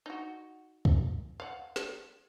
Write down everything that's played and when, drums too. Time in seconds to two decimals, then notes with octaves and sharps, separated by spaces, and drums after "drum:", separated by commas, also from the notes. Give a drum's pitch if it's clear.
0.06 D#4 F#4
0.85 drum: kick
1.40 F5 F#5
1.76 drum: snare